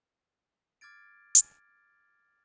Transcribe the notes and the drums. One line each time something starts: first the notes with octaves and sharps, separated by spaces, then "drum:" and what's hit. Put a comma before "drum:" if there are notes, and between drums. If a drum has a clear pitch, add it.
D6 F6 G#6 A6 D7
drum: hi-hat